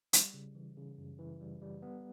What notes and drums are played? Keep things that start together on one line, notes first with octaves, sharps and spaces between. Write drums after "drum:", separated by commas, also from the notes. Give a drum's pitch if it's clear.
G3, drum: hi-hat
C#3
E3
C#3
F#2
E3
G3
G3
B3